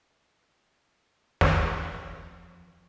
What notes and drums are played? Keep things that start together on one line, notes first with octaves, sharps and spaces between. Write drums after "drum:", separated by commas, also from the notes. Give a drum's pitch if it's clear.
drum: snare
F2